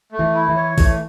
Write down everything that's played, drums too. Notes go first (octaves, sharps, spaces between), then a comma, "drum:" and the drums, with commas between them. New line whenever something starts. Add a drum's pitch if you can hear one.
A3
E3
E4
E3
C#5
E3 A3, drum: kick A1, open hi-hat